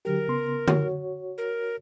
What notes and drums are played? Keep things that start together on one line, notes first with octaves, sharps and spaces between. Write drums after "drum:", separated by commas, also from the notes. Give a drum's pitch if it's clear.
D3 F#3 G4 A#4
C#3 B3 C6
F#4 C#5, drum: tom D3
A#4